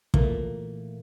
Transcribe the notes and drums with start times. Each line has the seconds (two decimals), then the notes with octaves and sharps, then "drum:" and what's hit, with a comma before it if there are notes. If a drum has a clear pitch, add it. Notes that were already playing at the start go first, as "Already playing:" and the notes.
0.14 A#2 E3 A3 A#3, drum: kick